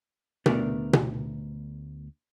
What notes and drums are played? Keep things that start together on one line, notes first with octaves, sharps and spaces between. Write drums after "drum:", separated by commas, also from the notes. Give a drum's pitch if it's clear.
D2 A3 B3 D4 A#4 D5, drum: tom B2
drum: tom B2